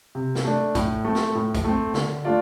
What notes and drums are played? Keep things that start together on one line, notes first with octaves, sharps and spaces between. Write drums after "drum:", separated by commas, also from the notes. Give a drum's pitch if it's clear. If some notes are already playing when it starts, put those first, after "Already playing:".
C3
drum: snare
A3 D4
A2, drum: kick A1, hi-hat
A3 C4
drum: snare
A2
drum: kick A1, hi-hat
A3 C4
D3, drum: snare
A3 D4 F4 D5